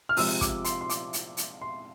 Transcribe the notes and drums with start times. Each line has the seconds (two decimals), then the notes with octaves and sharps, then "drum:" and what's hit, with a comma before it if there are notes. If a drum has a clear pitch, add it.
0.09 F6
0.17 C3 F3 G#3 E6, drum: open hi-hat
0.41 D6, drum: kick, hi-hat
0.65 C6, drum: hi-hat
0.81 C6
0.90 D6, drum: hi-hat
1.13 drum: hi-hat
1.37 drum: hi-hat
1.61 C6